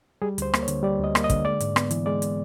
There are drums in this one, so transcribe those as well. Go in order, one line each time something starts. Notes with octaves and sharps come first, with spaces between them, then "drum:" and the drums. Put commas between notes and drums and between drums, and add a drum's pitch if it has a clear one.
G3 G#4
D2 C5, drum: hi-hat
A#3, drum: rim click
C#5
D3, drum: hi-hat
G3 D5
D2 D#5
A#3, drum: rim click
D#5
D3, drum: kick, hi-hat
G#3 D5
G#2, drum: hi-hat
B3, drum: rim click
E3, drum: hi-hat
G#3 D5
drum: hi-hat